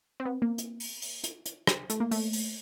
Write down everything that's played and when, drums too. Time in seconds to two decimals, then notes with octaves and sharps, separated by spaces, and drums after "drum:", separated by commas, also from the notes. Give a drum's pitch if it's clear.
0.20 C4
0.25 B3
0.42 A#3
0.58 drum: hi-hat
0.80 drum: open hi-hat
1.02 drum: open hi-hat
1.24 drum: hi-hat
1.46 drum: hi-hat
1.67 drum: rim click
1.90 A3, drum: hi-hat
2.00 A#3
2.11 A3, drum: open hi-hat
2.33 drum: open hi-hat